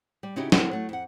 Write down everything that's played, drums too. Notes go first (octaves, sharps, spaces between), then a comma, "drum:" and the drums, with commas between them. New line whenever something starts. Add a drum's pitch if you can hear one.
G3
C#3 C#4 D#4 E4 F#4 G4
D2 C4 E4 A4 C5 F#5, drum: snare
F#3 A3
F2 F#5